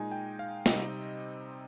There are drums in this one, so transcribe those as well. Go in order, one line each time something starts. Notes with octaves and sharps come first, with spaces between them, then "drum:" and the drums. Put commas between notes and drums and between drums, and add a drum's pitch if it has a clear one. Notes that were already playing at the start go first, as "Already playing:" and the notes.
Already playing: A#2 G#3 D#4 G#5
G5
F5
C3 G3 C4 D#4 D#5, drum: snare